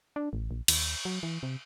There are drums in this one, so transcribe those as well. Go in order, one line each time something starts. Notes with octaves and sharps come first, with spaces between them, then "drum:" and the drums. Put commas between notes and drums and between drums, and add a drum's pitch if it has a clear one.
D4
A1
A#1
D#2, drum: cymbal
F#3
E3
C3